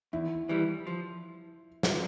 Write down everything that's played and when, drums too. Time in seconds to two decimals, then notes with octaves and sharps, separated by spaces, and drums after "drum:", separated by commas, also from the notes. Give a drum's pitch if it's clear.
0.13 E2 E4
0.49 E3 G3
0.87 F3
1.83 drum: snare